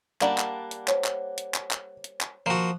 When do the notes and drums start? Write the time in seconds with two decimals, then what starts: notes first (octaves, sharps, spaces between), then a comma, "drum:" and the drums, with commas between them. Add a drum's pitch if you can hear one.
0.21 G3 A#3 D4 F#5, drum: clap
0.38 drum: clap
0.71 drum: hi-hat
0.88 C5 C#5, drum: clap
1.05 drum: clap
1.38 drum: hi-hat
1.54 drum: clap
1.71 drum: clap
2.04 drum: hi-hat
2.21 drum: clap
2.46 F3 A#3 F#4